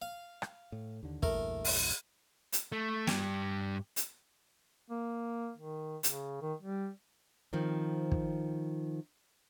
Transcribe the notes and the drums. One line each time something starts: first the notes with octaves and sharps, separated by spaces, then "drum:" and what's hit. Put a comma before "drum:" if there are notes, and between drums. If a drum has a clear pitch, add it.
F5
drum: rim click
A2
D#2 D3
A#1 E2 G2 A3 A#4, drum: kick
drum: open hi-hat
drum: hi-hat
A3
G2 G4, drum: snare
drum: hi-hat
A#3
D#3
C#3, drum: hi-hat
D#3
G3
D#3 F3 C4
drum: kick